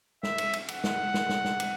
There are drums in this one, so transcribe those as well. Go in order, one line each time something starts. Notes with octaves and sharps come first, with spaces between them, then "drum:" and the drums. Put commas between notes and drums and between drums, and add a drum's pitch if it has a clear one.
E5, drum: snare
drum: cymbal
drum: cymbal
F#5, drum: cymbal
drum: snare
drum: snare
drum: snare
drum: snare
drum: cymbal